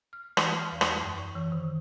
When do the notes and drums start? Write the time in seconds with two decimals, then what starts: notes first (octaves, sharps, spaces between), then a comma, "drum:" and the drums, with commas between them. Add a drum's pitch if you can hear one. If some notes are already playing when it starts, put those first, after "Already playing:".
0.13 F6
0.37 E3, drum: rim click
0.59 F6
0.72 E2
0.81 drum: rim click
1.01 F#2
1.18 C#6
1.36 E3
1.52 D#3